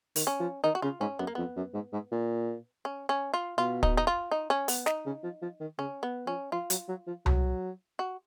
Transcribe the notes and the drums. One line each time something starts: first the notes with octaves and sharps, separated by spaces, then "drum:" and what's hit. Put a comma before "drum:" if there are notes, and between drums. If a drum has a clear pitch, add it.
D#3, drum: open hi-hat
C#4
F3
D#3 D#4
F#4
C#3 F4
G#2 C#4
F#2 B3
A#3
F2 B3
F#2
G#2
G#2
A#2
C#4
C#4
F4
B2 F4
D#4, drum: kick
D#4
F4
D#4
C#4
B3, drum: open hi-hat
D#4, drum: snare
C#3
F3
F3
D#3
C#3 C#4
B3
F3 C#4
F3 F4
F#3, drum: hi-hat
F#3
F3
F#3, drum: tom C2
F#4